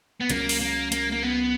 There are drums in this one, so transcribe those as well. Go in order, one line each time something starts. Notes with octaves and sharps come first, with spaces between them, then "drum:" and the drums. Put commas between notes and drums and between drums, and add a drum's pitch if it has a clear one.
B3
C#2 C#3 F#3 A#3 C#4, drum: hi-hat
drum: open hi-hat
A#3
A#3, drum: hi-hat
A#3
B3